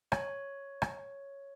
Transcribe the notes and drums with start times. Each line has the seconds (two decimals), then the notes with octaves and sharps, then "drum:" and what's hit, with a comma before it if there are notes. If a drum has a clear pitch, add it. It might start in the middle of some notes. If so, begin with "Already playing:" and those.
0.12 C#5, drum: rim click
0.82 drum: rim click